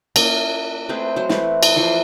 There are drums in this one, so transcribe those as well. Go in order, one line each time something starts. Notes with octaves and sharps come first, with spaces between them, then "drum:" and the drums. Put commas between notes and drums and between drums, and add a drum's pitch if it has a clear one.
A#3 C#4 E5, drum: cymbal
A3 C4 G#4 B4
F#3 G#3 C5
E3 A3 C4 B4, drum: snare
drum: cymbal
E3 F3 F4 A4